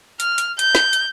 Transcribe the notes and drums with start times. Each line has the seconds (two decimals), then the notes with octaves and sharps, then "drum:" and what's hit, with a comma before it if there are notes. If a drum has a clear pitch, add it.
0.20 F6, drum: hi-hat
0.38 drum: hi-hat
0.59 G6, drum: hi-hat
0.75 drum: snare
0.93 drum: hi-hat